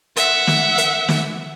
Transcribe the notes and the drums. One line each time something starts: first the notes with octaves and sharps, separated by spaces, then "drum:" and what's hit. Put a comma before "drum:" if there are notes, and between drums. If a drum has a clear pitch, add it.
E5 F#5, drum: hi-hat
drum: snare
drum: hi-hat
drum: snare